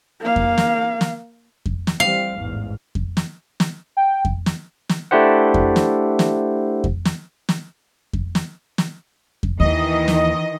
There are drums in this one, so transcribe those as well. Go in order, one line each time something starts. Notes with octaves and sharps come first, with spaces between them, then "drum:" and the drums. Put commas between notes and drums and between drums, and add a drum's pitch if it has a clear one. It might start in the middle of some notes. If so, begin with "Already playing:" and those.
A#3 F5
drum: kick F2
drum: snare
drum: snare
drum: kick F2
drum: snare
E3 G3 C4 F5
A1 E2 G#2
drum: kick F2
drum: snare
drum: snare
G5
drum: kick F2
drum: snare
drum: snare
A3 D4 E4 G4 C5 F#5
drum: kick F2
drum: snare
drum: snare
drum: kick F2
drum: snare
drum: snare
drum: kick F2
drum: snare
drum: snare
drum: kick F2
D#2 D#3 E3 A#3 D#5
drum: snare